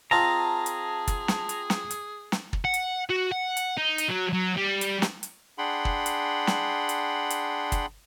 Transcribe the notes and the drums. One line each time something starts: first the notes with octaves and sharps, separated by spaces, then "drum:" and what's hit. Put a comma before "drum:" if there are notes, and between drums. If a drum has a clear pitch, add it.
C4 F4 G#4 D#5 A5 A#5
drum: hi-hat
drum: kick, hi-hat
drum: snare
drum: hi-hat
drum: snare
drum: hi-hat
drum: snare
drum: kick
F#5
drum: hi-hat
F#4
F#5
drum: hi-hat
D#4
drum: hi-hat
F#3
F#3
G3
drum: hi-hat
drum: snare
drum: hi-hat
D4 G#4 F#5 G5 B5 C6
drum: kick
drum: hi-hat
drum: snare
drum: hi-hat
drum: hi-hat
drum: kick, hi-hat